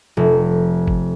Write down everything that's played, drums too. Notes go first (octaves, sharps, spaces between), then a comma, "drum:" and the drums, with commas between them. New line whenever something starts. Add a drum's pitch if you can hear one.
F1
drum: kick